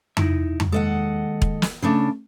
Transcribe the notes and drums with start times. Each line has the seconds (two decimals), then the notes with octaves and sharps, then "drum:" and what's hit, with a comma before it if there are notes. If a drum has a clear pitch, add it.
0.17 D#4 E4 E5, drum: tom F2
0.60 drum: tom F2
0.72 D#2 G#3 A4 D#5 F#5
1.42 drum: kick E1
1.62 drum: snare
1.82 C#3 A3 D4